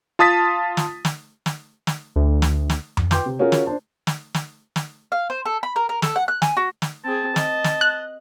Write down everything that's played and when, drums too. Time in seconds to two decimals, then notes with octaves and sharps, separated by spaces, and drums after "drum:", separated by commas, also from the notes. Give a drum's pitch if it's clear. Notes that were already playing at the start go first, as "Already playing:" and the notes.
0.19 F4 A5 D#6 A6 B6
0.77 drum: snare
1.05 drum: snare
1.46 drum: snare
1.87 drum: snare
2.16 D2
2.42 drum: snare
2.70 drum: snare
2.97 drum: tom F2
3.11 B4 G5 C6 D6 G6, drum: snare
3.26 C3
3.39 C#4 F4 F#4 G#4 A#4
3.52 drum: snare
3.66 D4 C5 A5
4.07 drum: snare
4.34 drum: snare
4.76 drum: snare
5.12 F5
5.30 C5
5.46 A4
5.63 B5
5.76 A#4
5.89 A#4
6.02 A4, drum: snare
6.16 F#5
6.28 F#6
6.42 G#5, drum: snare
6.57 F#4
6.82 drum: snare
7.05 C4 G#4 A5
7.36 D#5, drum: snare
7.64 drum: snare
7.81 F#6